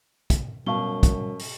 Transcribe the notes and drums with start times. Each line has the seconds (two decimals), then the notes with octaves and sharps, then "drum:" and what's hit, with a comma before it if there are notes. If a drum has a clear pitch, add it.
0.30 drum: kick, hi-hat
0.66 F#2 B2 G3 F5 A5 C#6 G7
1.03 drum: kick, hi-hat
1.39 drum: open hi-hat